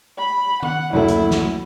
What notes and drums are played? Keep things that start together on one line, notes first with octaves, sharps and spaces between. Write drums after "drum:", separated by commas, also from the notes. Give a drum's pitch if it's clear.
B5
F#5, drum: tom D#3
F#1 D2 A3 E4
drum: hi-hat
drum: snare